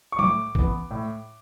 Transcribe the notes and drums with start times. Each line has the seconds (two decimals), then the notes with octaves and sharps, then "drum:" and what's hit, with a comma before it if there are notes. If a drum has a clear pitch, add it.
0.12 C#6
0.19 A2 D6, drum: tom
0.55 E3 B3, drum: kick A1
0.91 A2